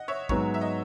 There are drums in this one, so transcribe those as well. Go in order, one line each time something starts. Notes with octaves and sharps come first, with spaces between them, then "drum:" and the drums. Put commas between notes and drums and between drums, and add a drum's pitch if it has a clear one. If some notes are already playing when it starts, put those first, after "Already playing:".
Already playing: D#5 F#5
C#5 E5
G#2 F#3 B3 C#5, drum: kick
E5
D#5